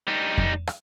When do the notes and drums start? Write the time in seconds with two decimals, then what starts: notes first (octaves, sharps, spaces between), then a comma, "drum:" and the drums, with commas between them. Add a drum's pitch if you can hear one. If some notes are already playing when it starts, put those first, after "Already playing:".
0.08 G3 D#4
0.38 drum: kick F2
0.67 drum: rim click